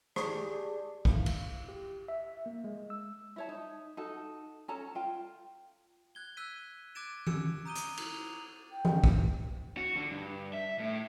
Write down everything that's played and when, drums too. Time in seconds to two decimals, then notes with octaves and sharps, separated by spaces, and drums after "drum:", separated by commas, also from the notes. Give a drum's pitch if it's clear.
0.16 G4 G#4 D5 A5, drum: rim click
1.05 E5 F5, drum: kick
1.26 drum: cymbal
1.69 G4
2.08 E5
2.46 A#3
2.64 G#3
2.90 E6
3.36 E4 C#5 A5
3.49 D#4
3.97 D#4 F#4 A4
4.68 C#4 A4 A5 A#5
4.95 F4 G5
6.15 F#6 G#6 G7
6.37 E6 F#6 G6 B6 D#7
6.95 D6 F#6 G#6 A6 D7 E7
7.27 E6 C#7 E7, drum: tom E3
7.65 A#5 D#6 G6 D#7 G7
7.75 drum: hi-hat
7.97 F7, drum: cymbal
8.71 G5
8.85 drum: tom E3
9.04 drum: kick
9.77 F#4
9.96 D3
10.11 G2
10.53 E5
10.79 A2